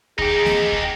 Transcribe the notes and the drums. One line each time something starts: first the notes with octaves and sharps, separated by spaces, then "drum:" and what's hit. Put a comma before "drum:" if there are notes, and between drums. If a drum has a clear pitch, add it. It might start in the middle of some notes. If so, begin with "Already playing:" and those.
D#4 G4 G#4, drum: kick D2
drum: snare A#3
drum: kick D2